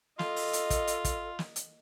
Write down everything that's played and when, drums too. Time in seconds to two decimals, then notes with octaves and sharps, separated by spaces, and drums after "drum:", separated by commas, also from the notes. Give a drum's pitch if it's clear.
0.19 F4 A4 D#5, drum: snare
0.36 drum: open hi-hat
0.53 drum: hi-hat
0.70 drum: kick, hi-hat
0.87 drum: hi-hat
1.05 drum: kick, hi-hat
1.39 drum: snare
1.56 drum: hi-hat